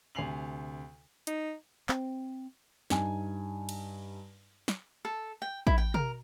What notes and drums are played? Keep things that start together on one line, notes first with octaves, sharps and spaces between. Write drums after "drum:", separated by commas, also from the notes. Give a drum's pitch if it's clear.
D2 C3 G#5 C7 F7 F#7
D#4, drum: hi-hat
C4, drum: clap
G2 D#4 G#5, drum: snare
drum: cymbal
drum: snare
A4
G5
E4, drum: kick
G5
A#4, drum: tom